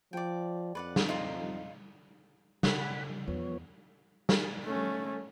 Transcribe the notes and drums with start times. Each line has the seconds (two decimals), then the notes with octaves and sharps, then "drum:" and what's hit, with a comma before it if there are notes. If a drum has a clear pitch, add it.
0.13 F3 D5 G5
0.75 F2 B4 D5 F#5
0.96 drum: snare
1.09 D#4 F4 A#5
2.63 C#3 F#5 B5, drum: snare
3.27 E2 F3 B3 C#5
4.29 drum: snare
4.64 A3 C#4